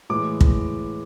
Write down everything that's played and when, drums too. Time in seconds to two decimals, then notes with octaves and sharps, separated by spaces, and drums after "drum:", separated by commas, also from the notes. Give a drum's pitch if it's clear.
0.10 A2 E3 G#3 D6
0.41 drum: kick